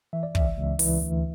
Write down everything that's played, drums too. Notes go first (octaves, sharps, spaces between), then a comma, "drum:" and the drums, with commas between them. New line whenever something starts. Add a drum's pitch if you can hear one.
E3 E5
D5
C#2 E5, drum: kick
C#2
E3, drum: open hi-hat
D2